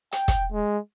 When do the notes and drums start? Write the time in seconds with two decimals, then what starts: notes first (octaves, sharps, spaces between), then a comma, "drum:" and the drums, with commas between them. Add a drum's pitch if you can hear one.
0.13 G5, drum: hi-hat
0.28 drum: kick, hi-hat
0.52 G#3